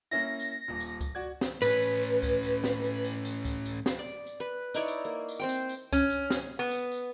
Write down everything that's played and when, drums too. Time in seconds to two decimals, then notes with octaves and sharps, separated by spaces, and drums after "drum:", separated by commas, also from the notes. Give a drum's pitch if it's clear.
0.11 A#3 C#4 E4 A#6
0.39 drum: tambourine
0.68 D#1 A#2
0.80 drum: tambourine
1.01 drum: kick C#2, tambourine
1.15 F#4 D5 G#6
1.41 drum: snare
1.62 A2 C#4 B4, drum: tambourine
1.82 drum: tambourine
2.02 drum: tambourine
2.23 drum: kick C#2, tambourine
2.43 drum: tambourine
2.64 drum: snare
2.84 drum: tambourine
3.04 drum: tambourine
3.25 drum: tambourine
3.45 drum: kick C#2, tambourine
3.66 drum: tambourine
3.86 drum: snare
3.99 D5
4.27 drum: tambourine
4.40 B4
4.74 D#4 E4 C#5 D5
4.88 drum: tambourine
5.05 A#3
5.29 drum: tambourine
5.39 C4 C5 G5
5.49 drum: tambourine
5.69 drum: tambourine
5.93 C#4, drum: kick C#2, tambourine
6.10 drum: tambourine
6.30 drum: snare
6.59 B3
6.71 drum: tambourine
6.92 drum: tambourine